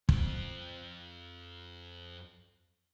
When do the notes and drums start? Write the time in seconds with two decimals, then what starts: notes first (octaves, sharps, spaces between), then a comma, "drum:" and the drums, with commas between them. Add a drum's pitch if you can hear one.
0.09 F2 C4, drum: kick